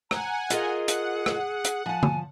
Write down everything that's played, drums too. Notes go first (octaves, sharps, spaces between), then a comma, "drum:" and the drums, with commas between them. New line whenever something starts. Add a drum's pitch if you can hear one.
F#5 G#5 A#5, drum: rim click
F4 G#4 A#4 D#5, drum: hi-hat
F#5, drum: hi-hat
drum: rim click
drum: hi-hat
F3 G#5 A5
drum: tom D3